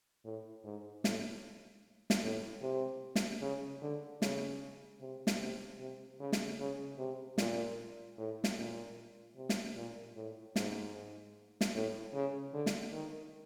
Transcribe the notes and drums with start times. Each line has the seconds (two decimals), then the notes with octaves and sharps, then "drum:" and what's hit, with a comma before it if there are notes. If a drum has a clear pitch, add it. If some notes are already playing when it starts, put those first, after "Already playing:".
0.24 A2
0.64 G#2
1.04 A2, drum: snare
2.10 drum: snare
2.23 A2
2.62 C3
3.16 drum: snare
3.41 C#3
3.81 D3
4.22 C#3, drum: snare
5.00 C3
5.27 drum: snare
5.39 C3
5.79 C3
6.20 C#3
6.32 drum: snare
6.59 C#3
6.99 C3
7.38 A#2, drum: snare
8.18 A2
8.44 drum: snare
8.57 A#2
9.36 C3
9.49 drum: snare
9.76 A#2
10.16 A2
10.56 G#2, drum: snare
11.61 drum: snare
11.74 A2
12.14 C#3
12.53 D3
12.66 drum: snare
12.92 D#3